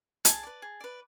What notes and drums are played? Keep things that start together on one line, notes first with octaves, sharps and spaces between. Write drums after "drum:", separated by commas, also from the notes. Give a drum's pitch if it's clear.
G#4 A5, drum: hi-hat
B4 D5
G#4
B4 D5